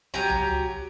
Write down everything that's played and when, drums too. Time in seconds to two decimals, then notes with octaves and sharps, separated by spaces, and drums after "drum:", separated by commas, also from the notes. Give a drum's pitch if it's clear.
0.14 F#3 G4 G#5 A#5, drum: kick
0.30 drum: tom C#2